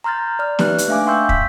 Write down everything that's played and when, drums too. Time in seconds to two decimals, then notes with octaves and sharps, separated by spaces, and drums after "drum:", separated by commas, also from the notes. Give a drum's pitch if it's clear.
0.04 A#5 C6 F6 G6 A6
0.39 D5 F6
0.59 A#3 D#4 G4 B4 F#6, drum: snare
0.78 drum: hi-hat
0.88 A3 D4 E5 F5 G#5 D6
1.06 F5 G5 C6 C#6 E6 G6
1.29 B6, drum: kick